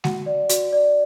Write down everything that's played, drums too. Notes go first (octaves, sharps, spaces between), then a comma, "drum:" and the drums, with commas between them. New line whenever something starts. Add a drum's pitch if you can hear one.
F#4 F#5, drum: snare G#3
D5
F#4, drum: hi-hat
D5